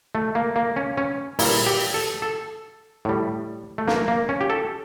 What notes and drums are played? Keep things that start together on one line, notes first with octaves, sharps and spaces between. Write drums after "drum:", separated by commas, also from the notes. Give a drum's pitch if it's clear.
A3
A#3
A#3
C#4
C#4
A#2 G3 E4, drum: open hi-hat
G4
A4
A4
A2 G3
A3
A#3, drum: snare
A#3
C#4
G4
A4